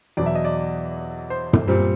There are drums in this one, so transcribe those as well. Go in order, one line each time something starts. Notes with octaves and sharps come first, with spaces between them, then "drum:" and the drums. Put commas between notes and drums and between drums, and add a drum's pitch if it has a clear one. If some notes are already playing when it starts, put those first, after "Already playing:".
E2 B2 F#3 D5
E5
D#5
D5
C5
drum: tom
A#2 G3 C4